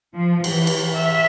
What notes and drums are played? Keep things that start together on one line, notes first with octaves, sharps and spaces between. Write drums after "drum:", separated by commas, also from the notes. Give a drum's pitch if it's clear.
F3
E3, drum: cymbal
drum: cymbal
E5